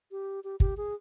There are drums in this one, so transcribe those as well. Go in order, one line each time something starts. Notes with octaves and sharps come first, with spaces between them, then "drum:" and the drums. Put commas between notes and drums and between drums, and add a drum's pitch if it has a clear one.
G4
G4
G4, drum: kick
G#4